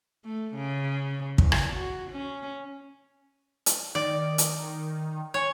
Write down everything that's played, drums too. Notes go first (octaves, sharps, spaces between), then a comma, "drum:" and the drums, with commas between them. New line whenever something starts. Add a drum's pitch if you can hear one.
A3
C#3
E2, drum: kick
drum: rim click
F#4
C#4
drum: hi-hat
D#3 D5
drum: hi-hat
C#5 G#5